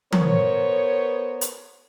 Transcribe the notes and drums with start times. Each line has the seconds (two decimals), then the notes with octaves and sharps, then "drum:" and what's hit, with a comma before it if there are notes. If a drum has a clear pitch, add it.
0.12 B3 A#4 C5 C#5, drum: tom E3
1.41 drum: hi-hat